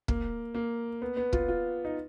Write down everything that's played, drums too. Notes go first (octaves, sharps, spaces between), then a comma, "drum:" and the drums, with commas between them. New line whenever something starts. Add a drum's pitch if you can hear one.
A#3, drum: kick
A#3
B3
B3
F4, drum: kick
F4
D#4